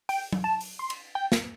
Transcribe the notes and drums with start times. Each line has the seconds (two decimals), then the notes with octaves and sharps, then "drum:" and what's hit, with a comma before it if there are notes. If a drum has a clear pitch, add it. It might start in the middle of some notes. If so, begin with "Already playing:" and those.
0.09 G5, drum: open hi-hat
0.33 drum: tom F#3
0.44 A5
0.61 drum: open hi-hat
0.79 C6
0.90 drum: cymbal
1.15 G5
1.32 drum: snare